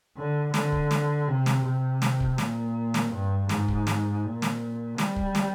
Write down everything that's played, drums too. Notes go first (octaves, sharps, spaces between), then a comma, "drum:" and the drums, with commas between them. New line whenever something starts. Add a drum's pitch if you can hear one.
D3
D3, drum: snare
drum: kick
drum: snare
C3
drum: snare
C3
drum: snare
drum: kick
A#2, drum: snare
drum: snare
G2
G#2, drum: snare
drum: kick
drum: snare
A#2
drum: snare
G3, drum: snare
drum: kick
drum: snare